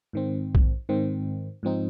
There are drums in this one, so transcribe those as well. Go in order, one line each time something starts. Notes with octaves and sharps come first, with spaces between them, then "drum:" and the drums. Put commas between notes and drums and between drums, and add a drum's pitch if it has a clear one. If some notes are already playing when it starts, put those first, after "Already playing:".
G#2 D#3 C4
drum: kick A#1
G#2 D#3 C4
G#2 F3 C4 D#4